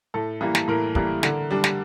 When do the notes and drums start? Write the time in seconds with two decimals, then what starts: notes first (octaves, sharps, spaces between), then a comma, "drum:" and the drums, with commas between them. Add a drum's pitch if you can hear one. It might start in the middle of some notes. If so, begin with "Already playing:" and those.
0.14 A2 A4
0.41 E3 G3 A#3
0.55 drum: snare
0.68 A2 A#4
0.95 E3 G3 A#3, drum: kick
1.23 D3, drum: snare
1.50 G3 D4
1.64 drum: snare